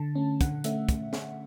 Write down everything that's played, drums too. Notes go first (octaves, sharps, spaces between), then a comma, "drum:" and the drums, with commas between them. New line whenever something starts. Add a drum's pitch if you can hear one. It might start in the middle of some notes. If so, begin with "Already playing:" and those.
Already playing: D3 A5
A3 C#4
D3 F#5, drum: kick, hi-hat
A3 C#4 E5, drum: hi-hat
drum: kick, hi-hat
drum: snare